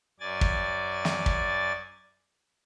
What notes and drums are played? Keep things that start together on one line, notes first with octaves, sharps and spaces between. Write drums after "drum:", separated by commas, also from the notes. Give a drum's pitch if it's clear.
F#2 D5 G#5 A6
drum: kick
drum: snare
drum: kick